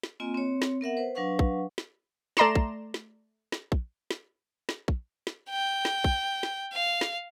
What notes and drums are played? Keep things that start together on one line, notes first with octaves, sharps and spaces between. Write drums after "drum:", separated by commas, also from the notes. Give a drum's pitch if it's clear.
drum: snare
A#3 C4 F4 D#5 G#5
C4 C#5
drum: snare
B3 A#4 E5 F#5
B4 C5
F#3 D4 B4 F5 F#5 C#6
drum: kick
drum: snare
A3 D5 A#5 C6 E7, drum: snare
drum: kick
drum: snare
drum: snare
drum: kick
drum: snare
drum: snare
drum: kick
drum: snare
G5
drum: snare
drum: kick
drum: snare
F5
drum: snare